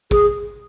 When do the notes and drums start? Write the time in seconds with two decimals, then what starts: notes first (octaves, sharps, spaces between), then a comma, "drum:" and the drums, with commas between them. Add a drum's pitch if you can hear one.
0.11 G#4, drum: kick